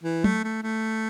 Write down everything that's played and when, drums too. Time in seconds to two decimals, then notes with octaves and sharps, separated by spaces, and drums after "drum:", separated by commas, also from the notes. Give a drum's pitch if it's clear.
0.04 E3
0.24 A3, drum: tom F#3
0.44 A3
0.63 A3